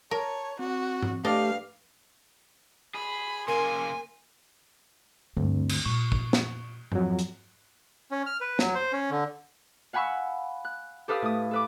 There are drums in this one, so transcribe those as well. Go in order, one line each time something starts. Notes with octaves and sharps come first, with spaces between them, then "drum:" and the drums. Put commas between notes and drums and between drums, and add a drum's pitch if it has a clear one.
A#4 C#5 A5
C4 F#4
drum: tom G#2
A3 D4 G4 B4 D#5 F5
G#4 B5
C#3 A#3 A#4 G#5 C6
D2 G2 C4
drum: cymbal
A#2 C#6
drum: kick
drum: snare
F2 F#3, drum: tom G#2
drum: hi-hat
C#4
F6
B4
F#3, drum: snare
C5
C#4
D3
F5 F#5 G#5 B5 C#6 E6
F#6
G4 A4 B4 F5 D#6
A2 D#6
A4 B4 D6